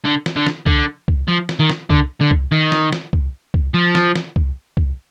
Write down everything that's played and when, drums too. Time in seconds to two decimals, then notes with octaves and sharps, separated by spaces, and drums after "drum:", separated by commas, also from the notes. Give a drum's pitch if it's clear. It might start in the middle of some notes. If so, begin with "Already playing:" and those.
0.05 D3
0.26 drum: snare
0.36 D3
0.47 drum: snare
0.66 D3, drum: kick C2
1.08 drum: kick C2
1.28 F3
1.49 drum: snare
1.60 D#3
1.70 drum: snare
1.90 D3, drum: kick C2
2.21 D3
2.31 drum: kick C2
2.52 D#3
2.72 drum: snare
2.92 drum: snare
3.13 drum: kick C2
3.54 drum: kick C2
3.74 F3
3.95 drum: snare
4.15 drum: snare
4.36 drum: kick C2
4.77 drum: kick C2